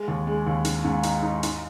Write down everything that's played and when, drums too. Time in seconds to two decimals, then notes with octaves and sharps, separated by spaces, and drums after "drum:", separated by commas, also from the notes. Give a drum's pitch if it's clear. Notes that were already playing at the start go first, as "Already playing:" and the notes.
Already playing: G#3
0.08 D#2
0.27 G#3
0.47 D#2
0.65 D#3, drum: hi-hat
0.84 G#2
1.03 D#4, drum: hi-hat
1.22 D#4
1.43 D#4, drum: hi-hat